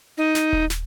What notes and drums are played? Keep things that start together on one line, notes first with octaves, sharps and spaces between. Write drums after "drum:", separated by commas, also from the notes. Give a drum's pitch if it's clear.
D#4
drum: snare
drum: kick D#1
drum: snare